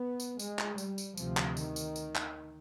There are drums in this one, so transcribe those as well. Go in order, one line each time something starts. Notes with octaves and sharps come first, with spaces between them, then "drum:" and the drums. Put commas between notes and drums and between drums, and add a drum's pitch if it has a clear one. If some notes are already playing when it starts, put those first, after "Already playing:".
Already playing: B3
drum: tambourine
G#3, drum: tambourine
drum: clap
G3, drum: tambourine
drum: tambourine
D2 C3 F3, drum: tambourine
drum: clap
D#3, drum: tambourine
drum: tambourine
drum: tambourine
drum: clap